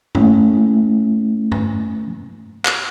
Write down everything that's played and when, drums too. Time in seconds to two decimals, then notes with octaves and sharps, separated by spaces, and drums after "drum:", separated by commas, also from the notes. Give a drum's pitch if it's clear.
0.15 A3 A#3 C#4 E4, drum: tom G2
1.52 drum: tom G2
2.65 drum: clap